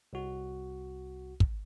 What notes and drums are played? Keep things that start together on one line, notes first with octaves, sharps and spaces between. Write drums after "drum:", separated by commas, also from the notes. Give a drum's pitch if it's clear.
C2 F#4
drum: kick